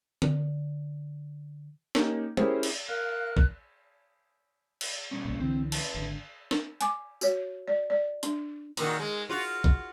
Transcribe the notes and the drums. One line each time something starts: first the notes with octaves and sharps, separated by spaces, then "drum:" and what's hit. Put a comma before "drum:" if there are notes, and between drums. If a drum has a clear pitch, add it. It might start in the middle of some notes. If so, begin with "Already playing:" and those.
D3, drum: tom D3
A#3 C#4 D#4 G4, drum: snare
C#4 E4 G4 G#4 A#4 C5, drum: tom
drum: cymbal
A#4 F5 F#6
drum: kick B1
drum: cymbal
B2 G3 C#4
B1 A#2
C2 D3 E3 C4
B4 E5 A5, drum: cymbal
G#1 D3
drum: snare
G#5 D6, drum: hi-hat
F#4 C#5, drum: tambourine
D5
D5
D4, drum: hi-hat
A#2 D#3 F#4, drum: cymbal
G#3
F4 F#4
drum: kick B1